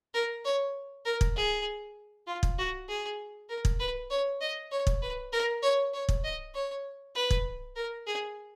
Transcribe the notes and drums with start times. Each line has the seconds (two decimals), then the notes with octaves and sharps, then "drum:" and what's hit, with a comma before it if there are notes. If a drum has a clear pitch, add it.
0.14 A#4
0.45 C#5
1.06 A#4
1.21 drum: kick
1.36 G#4
2.27 F4
2.43 drum: kick
2.58 F#4
2.89 G#4
3.49 A#4
3.65 drum: kick
3.80 B4
4.10 C#5
4.41 D#5
4.72 C#5
4.87 drum: kick
5.02 B4
5.32 A#4
5.63 C#5
5.94 C#5
6.09 drum: kick
6.24 D#5
6.54 C#5
7.15 B4
7.30 drum: kick
7.76 A#4
8.07 G#4